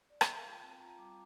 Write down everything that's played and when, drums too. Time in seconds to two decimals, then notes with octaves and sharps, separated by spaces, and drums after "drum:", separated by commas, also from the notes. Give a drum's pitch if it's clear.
0.10 D5
0.21 E5, drum: rim click
0.33 F5
0.44 F4 G5
0.62 C4 A5
0.80 F4 A#5
0.98 G3 D6